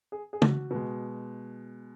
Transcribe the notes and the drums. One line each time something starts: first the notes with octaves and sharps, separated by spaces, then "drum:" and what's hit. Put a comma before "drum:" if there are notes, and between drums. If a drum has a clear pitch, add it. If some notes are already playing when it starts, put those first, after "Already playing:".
G#4
G#4
F#4, drum: tom
B2 G#3